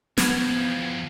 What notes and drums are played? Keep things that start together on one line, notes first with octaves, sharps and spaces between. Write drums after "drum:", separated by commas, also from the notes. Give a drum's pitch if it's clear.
E2 F3 B3 G#6, drum: snare